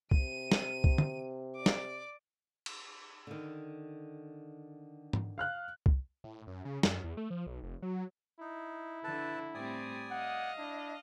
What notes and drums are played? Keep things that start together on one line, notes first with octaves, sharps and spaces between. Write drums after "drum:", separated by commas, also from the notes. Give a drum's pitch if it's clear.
C3 D#7, drum: kick C2
drum: snare
drum: kick C2
drum: tom
D5 D6
drum: snare
drum: cymbal
D3 D#3
drum: tom
F5 F6 F#6
drum: kick C2
A2
F#2
C#3
F#2, drum: snare
E2
A3
F3
B1
F1
F#3
D#4 E4
D3 A4 B4 A5
A2 G3 C4 D5 G#5 D#6
D#5 F5 F#5
D4 E4